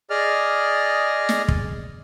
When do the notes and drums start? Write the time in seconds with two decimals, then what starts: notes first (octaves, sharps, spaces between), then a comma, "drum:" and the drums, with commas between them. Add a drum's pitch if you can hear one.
0.10 G#4 D5 D#5 F6
1.29 drum: snare
1.48 drum: kick